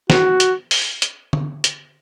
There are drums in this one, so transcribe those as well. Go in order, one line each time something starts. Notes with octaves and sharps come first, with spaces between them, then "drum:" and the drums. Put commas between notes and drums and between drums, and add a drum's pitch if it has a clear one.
F#4, drum: snare
drum: hi-hat
drum: open hi-hat
drum: hi-hat
drum: tom D3
drum: hi-hat